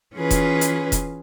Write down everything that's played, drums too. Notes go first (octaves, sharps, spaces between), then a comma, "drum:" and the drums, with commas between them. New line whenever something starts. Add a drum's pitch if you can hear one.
E3 C#4 F4 G#4 B4
drum: kick E1, hi-hat
drum: hi-hat
drum: kick E1, hi-hat